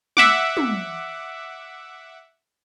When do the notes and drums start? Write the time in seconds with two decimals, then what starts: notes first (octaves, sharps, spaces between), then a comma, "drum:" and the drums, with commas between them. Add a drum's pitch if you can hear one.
0.17 E5 F#5 D6, drum: snare
0.57 drum: tom